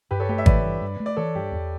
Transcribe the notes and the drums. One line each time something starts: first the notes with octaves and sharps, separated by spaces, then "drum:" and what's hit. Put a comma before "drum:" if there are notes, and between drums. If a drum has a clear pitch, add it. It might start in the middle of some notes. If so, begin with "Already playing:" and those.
G2 G4 B4
A4 C#5
A3 G4 B4
C#5 E5
E3 B4 D5, drum: kick G#1
G2
G2
A3
D5
E3 A4 C#5
G2 G4
E2